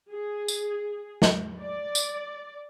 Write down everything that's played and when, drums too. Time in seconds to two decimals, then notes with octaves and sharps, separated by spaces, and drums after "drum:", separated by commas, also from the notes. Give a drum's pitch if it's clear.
0.12 G#4
0.48 drum: tambourine
1.22 drum: snare
1.61 D5
1.95 drum: tambourine